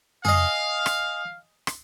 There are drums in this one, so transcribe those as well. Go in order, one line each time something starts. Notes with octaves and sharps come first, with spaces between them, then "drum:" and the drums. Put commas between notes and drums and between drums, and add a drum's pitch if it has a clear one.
G#4 D#5 F5, drum: tom F2
drum: rim click
drum: rim click